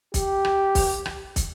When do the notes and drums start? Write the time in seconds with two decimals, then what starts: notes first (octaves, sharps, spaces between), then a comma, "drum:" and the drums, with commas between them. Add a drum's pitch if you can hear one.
0.14 G4, drum: kick, hi-hat
0.45 drum: rim click
0.75 drum: kick, open hi-hat
1.06 drum: rim click
1.36 drum: kick, hi-hat